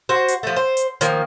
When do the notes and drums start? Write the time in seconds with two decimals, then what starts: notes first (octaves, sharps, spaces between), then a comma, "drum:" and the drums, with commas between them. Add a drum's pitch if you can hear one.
0.09 F#4 C5
0.28 drum: hi-hat
0.43 F3 A3
0.56 C5
0.77 drum: hi-hat
1.01 D#3 F3 A#3, drum: hi-hat